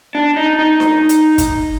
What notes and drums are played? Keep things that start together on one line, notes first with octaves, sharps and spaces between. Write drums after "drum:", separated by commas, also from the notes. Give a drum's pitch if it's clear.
D4
D#4
D#4
drum: snare D4
drum: hi-hat
drum: kick, hi-hat